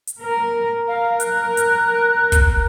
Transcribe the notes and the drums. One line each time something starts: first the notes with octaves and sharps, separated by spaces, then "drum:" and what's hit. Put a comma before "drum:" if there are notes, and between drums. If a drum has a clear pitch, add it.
drum: hi-hat
A#4
A#4 F5
F#6, drum: hi-hat
drum: hi-hat
drum: kick, hi-hat